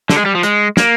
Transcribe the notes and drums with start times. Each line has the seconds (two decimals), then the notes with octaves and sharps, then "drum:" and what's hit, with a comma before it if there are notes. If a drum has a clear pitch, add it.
0.10 D3, drum: snare
0.17 G#3
0.25 G3
0.35 F3
0.43 G#3, drum: hi-hat
0.77 A#3, drum: snare